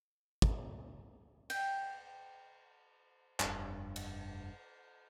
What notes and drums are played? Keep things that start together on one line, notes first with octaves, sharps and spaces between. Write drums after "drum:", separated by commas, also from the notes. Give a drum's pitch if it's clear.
drum: kick
G5, drum: cymbal
F1 G2, drum: clap
drum: cymbal